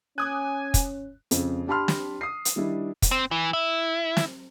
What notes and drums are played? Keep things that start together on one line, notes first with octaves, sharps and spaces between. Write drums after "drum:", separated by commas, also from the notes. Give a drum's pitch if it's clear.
C#4 G#5 D6 D#6 F#6
drum: kick, hi-hat
F2 C#3, drum: hi-hat
D4 G4 A5 B5 C6 F6
drum: snare
D#6 C7
drum: hi-hat
D#3 G3 D4 E4
drum: kick, hi-hat
C4
E3
E4
drum: snare